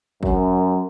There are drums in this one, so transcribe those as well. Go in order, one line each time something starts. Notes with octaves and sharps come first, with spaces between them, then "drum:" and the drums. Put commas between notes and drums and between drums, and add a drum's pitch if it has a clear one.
F#2, drum: kick G1